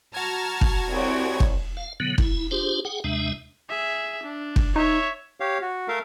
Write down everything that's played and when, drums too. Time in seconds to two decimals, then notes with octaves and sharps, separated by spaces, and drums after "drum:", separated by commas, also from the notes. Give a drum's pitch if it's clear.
0.14 F#4 A5 A#5 F6 G#6
0.61 drum: kick
0.91 C2 C#5
1.40 drum: kick
1.77 F5
2.00 B2 D3 F#3 B3
2.18 E4, drum: kick
2.51 D4 F4 G4 G#4 C5
2.85 G#4 F#5 G5
3.04 D#2 C3 G#3 D4 E5
3.70 G#4 E5
4.23 D4
4.56 drum: kick
4.76 D#4 C#5 E5
5.40 G4 C#5 F5
5.61 F#4
5.88 A3 A#4 E5 F5